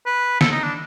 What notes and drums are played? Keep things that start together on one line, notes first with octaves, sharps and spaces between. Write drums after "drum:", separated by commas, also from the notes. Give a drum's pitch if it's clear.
B4
A4, drum: snare
D#4
D4